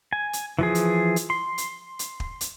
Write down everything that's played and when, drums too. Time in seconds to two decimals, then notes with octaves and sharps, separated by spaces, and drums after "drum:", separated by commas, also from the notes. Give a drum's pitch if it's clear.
0.13 G#5
0.33 drum: hi-hat
0.59 E3 F3 G#4
0.75 drum: hi-hat
1.16 drum: hi-hat
1.30 C6
1.58 drum: hi-hat
1.99 drum: hi-hat
2.20 drum: kick
2.41 drum: hi-hat